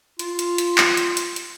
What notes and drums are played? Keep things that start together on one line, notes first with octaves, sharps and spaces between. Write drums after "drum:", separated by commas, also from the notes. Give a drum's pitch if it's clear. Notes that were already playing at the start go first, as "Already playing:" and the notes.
F4, drum: hi-hat
drum: hi-hat
drum: hi-hat
drum: clap
drum: hi-hat
drum: hi-hat
drum: hi-hat